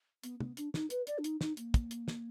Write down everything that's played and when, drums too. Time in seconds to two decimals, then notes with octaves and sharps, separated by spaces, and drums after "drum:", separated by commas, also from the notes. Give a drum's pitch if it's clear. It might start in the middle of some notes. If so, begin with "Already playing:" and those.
0.23 B3, drum: hi-hat
0.40 B3, drum: tom
0.57 D4, drum: hi-hat
0.74 D#4, drum: snare
0.90 B4, drum: hi-hat
1.07 D5, drum: hi-hat
1.18 D4
1.24 D#4, drum: hi-hat
1.41 D#4, drum: snare
1.57 A#3, drum: hi-hat
1.74 drum: kick, hi-hat
1.91 drum: hi-hat
2.08 drum: snare